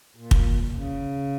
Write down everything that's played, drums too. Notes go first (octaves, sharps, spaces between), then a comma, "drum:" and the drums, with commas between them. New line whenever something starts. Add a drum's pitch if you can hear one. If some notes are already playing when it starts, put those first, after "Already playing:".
A#2
drum: kick
C#3